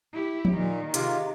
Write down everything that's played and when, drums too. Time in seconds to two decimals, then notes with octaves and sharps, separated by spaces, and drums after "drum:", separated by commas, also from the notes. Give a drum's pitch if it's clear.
0.13 E4 G4
0.45 drum: tom F3
0.54 A#2 D#3
0.94 C3 G#3 A#3 F4, drum: hi-hat